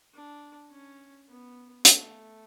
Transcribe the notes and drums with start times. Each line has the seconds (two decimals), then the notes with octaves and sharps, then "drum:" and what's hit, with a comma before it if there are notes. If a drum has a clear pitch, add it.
0.14 D4
0.71 C#4
1.29 B3
1.85 A3, drum: hi-hat